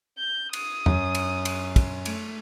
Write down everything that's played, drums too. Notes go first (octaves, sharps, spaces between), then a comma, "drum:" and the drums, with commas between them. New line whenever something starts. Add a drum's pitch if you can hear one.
G6
D#6, drum: cymbal
F#2, drum: tom E2
drum: cymbal
drum: cymbal
drum: kick, cymbal
A3, drum: cymbal